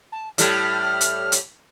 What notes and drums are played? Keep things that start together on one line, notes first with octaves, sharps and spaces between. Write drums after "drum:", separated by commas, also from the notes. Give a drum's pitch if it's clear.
A5
A2 G3 A4 F6, drum: hi-hat
drum: hi-hat
drum: hi-hat